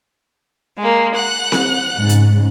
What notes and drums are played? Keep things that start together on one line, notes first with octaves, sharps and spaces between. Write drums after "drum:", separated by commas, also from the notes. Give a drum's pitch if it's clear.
G#3 A#3
F#5 F#6
drum: snare C4
G#2 C#3
drum: hi-hat